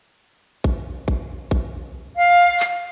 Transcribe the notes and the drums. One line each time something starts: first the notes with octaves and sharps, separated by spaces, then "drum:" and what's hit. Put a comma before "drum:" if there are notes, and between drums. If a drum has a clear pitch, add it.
drum: kick A#1
drum: kick A#1
drum: kick A#1
F5
drum: clap